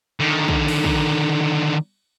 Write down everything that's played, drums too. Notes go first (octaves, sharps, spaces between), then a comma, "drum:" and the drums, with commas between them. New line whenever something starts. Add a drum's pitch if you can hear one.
D3 D#3
drum: kick
drum: cymbal
drum: kick